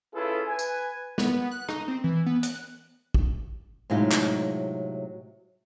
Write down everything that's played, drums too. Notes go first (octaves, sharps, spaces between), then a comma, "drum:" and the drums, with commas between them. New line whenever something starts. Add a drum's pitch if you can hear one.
C#4 E4 F4 G#4 A4 B4
B4 G#5
drum: tambourine
B3, drum: snare
F#6
D#4, drum: rim click
C4
E3
B3
F#6, drum: hi-hat
drum: kick
A2 C3 F#3 G#3 D#4 F4
drum: clap